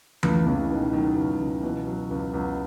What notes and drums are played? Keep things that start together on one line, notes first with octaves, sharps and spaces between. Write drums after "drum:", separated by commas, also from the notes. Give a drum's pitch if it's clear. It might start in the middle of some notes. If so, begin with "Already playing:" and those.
C#2 A2, drum: tom E3
C#2 C#3
E3
B2 D#3
D#3 F#3
C#2
C#2
B2 E3
F#3
C#2
C#2 F#3